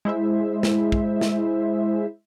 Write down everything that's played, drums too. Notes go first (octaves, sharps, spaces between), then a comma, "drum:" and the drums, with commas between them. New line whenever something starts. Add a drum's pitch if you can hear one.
G#3 E4 C5 E5
drum: snare
drum: kick
drum: snare